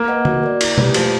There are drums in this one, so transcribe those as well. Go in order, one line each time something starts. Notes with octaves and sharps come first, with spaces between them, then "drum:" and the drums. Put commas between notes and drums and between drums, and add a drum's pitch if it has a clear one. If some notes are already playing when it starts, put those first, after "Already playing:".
Already playing: A#3
B4 D#5 F#5
F#4, drum: tom D3
A#4 D5
E4, drum: cymbal
G4 B4, drum: tom B2
F3 A3, drum: cymbal